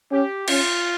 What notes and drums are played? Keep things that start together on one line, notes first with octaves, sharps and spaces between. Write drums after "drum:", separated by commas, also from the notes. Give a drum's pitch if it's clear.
C#4 G4
C#4 F4, drum: cymbal